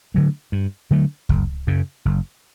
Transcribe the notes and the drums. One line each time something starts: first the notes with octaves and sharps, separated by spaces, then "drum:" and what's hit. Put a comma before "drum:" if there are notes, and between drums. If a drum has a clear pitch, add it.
D3 F#3 A3
G2
D3 F#3 A3
F#1, drum: kick C#2
F#2 C#3
F#1